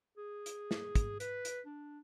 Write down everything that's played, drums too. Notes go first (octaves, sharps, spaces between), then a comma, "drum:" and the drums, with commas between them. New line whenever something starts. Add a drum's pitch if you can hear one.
G#4
drum: hi-hat
drum: snare
drum: kick, hi-hat
B4, drum: hi-hat
drum: hi-hat
D4